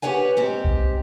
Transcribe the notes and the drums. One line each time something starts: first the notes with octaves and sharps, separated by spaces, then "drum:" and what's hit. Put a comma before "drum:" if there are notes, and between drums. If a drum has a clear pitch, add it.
G4 G#4 B4 C#5 F#5 G#5
G#2 C4 G4
drum: kick B1